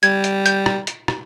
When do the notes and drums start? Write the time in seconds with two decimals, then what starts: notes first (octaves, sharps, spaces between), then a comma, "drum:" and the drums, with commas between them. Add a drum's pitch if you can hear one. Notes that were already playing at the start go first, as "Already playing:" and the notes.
0.03 G3 G#6, drum: hi-hat
0.24 drum: hi-hat
0.46 G6, drum: hi-hat
0.66 drum: rim click
0.87 drum: hi-hat
1.08 drum: rim click